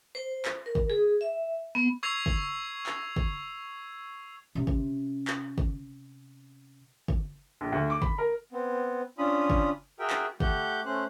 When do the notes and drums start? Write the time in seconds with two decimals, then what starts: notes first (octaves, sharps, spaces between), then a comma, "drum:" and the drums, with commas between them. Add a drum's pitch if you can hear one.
0.15 C5
0.45 drum: clap
0.66 A#4
0.75 drum: kick
0.90 G#4
1.21 E5
1.75 B3
2.03 C#6 E6 G#6 C7 F7
2.26 drum: kick
2.86 drum: clap
3.16 drum: kick
4.55 C3 C#4
4.67 drum: kick
5.27 drum: clap
5.58 drum: kick
7.08 drum: kick
7.61 A#1
7.72 D2
7.90 D6
8.02 B5, drum: kick
8.18 A#4
8.52 B3 C4
9.18 C#4 D4 F4 B5 D#6
9.50 drum: kick
9.99 F#4 G#4 A#4 E5 G5
10.10 drum: clap
10.40 A3 G4 F#5 G6, drum: kick
10.85 A3 C#4 C5 F#6